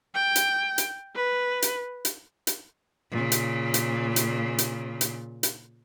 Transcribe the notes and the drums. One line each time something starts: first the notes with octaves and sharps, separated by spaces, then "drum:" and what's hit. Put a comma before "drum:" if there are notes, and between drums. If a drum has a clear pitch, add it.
G5
drum: hi-hat
drum: hi-hat
B4
drum: hi-hat
drum: hi-hat
drum: hi-hat
A#2 C#3
drum: hi-hat
drum: hi-hat
drum: hi-hat
drum: hi-hat
drum: hi-hat
drum: hi-hat